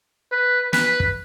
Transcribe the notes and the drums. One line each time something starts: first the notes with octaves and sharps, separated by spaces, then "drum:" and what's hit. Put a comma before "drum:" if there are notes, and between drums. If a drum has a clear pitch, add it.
B4
B4, drum: snare
drum: kick